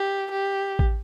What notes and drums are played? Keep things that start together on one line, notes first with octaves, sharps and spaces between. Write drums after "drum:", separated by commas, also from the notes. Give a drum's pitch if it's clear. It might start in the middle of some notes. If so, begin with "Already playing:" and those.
Already playing: G4
G4
drum: kick A1